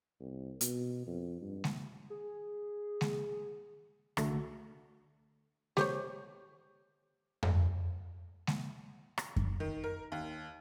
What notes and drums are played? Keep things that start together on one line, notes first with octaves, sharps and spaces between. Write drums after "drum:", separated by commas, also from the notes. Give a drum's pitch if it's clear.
C2
B2, drum: hi-hat
F2
G2
drum: snare G#3
G#4
drum: snare G#3
C2 D3 A3 F#4, drum: rim click
G4 C5 C#5, drum: snare G#3
drum: tom F2
drum: snare G#3
drum: rim click
drum: kick F#2
D#3
A#4
D#2